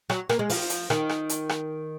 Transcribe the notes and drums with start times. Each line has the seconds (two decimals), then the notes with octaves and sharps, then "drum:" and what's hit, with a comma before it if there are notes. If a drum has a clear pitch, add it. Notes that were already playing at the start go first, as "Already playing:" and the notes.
0.10 F#3, drum: rim click
0.29 A#3, drum: rim click
0.39 G#3
0.50 F3, drum: open hi-hat
0.69 drum: hi-hat
0.90 D#3, drum: rim click
1.09 drum: rim click
1.29 drum: hi-hat
1.49 drum: rim click